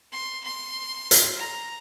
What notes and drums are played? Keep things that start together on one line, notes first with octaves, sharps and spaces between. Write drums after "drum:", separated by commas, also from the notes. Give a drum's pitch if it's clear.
C6
C6
drum: hi-hat
A#5